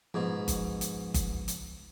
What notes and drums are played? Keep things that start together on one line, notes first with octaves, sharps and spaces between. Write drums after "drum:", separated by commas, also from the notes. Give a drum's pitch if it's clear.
G#2 B2 F3
drum: kick G1, hi-hat
drum: hi-hat
drum: kick G1, hi-hat
drum: hi-hat